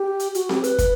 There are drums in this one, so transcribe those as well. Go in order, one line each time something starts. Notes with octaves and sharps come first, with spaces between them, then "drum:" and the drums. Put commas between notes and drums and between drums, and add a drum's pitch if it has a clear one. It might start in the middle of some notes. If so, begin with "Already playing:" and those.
Already playing: G4
drum: hi-hat
F#4, drum: hi-hat
G4, drum: snare C4
B4, drum: hi-hat
drum: kick, hi-hat